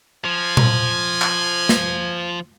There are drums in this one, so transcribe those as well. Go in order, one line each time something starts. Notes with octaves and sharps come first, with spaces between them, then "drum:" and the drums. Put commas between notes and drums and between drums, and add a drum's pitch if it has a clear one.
F3 G#5
drum: tom A#2
drum: clap
drum: snare